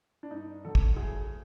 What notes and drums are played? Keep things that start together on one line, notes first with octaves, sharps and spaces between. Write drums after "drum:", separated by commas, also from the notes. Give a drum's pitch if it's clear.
D4
G2 D#4
D3 F#3 A4
drum: kick
D2 G#4